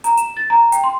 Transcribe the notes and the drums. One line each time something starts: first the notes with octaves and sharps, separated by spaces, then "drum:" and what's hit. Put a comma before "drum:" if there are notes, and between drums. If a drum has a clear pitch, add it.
A#5, drum: hi-hat
E7, drum: hi-hat
A6
A#5
G5, drum: hi-hat
C6